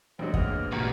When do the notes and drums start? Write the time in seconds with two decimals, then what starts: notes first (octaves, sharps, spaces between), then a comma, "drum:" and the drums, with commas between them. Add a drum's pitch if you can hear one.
0.19 A1 D3 G#3 C4 F#4
0.34 B2 A#3 D#5 F#5 F6, drum: kick
0.72 C#2 A#2 D#3 F#4 G4